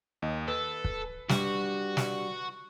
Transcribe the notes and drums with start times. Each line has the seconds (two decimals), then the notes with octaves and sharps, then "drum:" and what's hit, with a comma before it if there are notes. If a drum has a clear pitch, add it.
0.22 D#2 D#5
0.48 A4 B4
0.84 drum: kick
1.29 G3 D4 F#4 G4, drum: snare
1.97 drum: snare